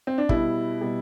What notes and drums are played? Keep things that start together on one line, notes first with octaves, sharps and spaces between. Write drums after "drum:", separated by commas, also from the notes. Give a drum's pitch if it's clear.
C4
D4
B2 G3 E4, drum: kick
B2 G3